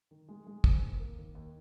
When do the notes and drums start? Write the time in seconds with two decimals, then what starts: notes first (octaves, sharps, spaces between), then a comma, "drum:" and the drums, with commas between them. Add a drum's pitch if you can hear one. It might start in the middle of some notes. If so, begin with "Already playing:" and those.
0.11 D#3
0.28 G#3
0.47 G#3
0.64 C4, drum: kick
0.82 D#2
1.00 A#3
1.18 D#3
1.35 D#2